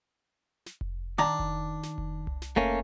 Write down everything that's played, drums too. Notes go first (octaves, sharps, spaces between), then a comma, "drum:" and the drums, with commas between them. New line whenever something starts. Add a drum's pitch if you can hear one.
drum: snare
drum: kick F1
D#3 D4 A#5
drum: kick F1
drum: snare
drum: kick F1
drum: tom C2
drum: snare
A3 A#3 C#4, drum: kick F1